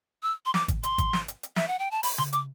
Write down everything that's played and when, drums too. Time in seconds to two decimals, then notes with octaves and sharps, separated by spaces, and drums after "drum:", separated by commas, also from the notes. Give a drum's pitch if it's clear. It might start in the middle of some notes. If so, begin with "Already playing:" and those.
0.23 E6
0.46 C6
0.54 D6, drum: snare
0.68 drum: kick G#1, hi-hat
0.83 C6, drum: hi-hat
0.98 drum: kick G#1, hi-hat
1.13 drum: snare
1.28 drum: hi-hat
1.43 drum: hi-hat
1.56 E5, drum: snare
1.68 F#5
1.79 G5
1.91 A5
2.03 B5, drum: open hi-hat
2.18 C6, drum: tom C#3
2.33 D6, drum: hi-hat